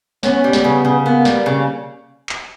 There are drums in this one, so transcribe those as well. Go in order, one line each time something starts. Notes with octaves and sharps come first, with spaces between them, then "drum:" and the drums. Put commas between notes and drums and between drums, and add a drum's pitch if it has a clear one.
B3 C#4, drum: snare
G3
drum: snare
C#3 B3
C#3
A#3 B3
G3, drum: snare
C#3
drum: clap